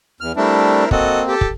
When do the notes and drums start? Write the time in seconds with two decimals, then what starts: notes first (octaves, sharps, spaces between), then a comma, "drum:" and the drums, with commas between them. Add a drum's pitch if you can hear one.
0.21 E2 F6
0.37 G3 A3 C4 D4 E4 A#4
0.91 A#3 C4 F#4 A4 D#5, drum: kick
1.27 G4 A4
1.41 drum: kick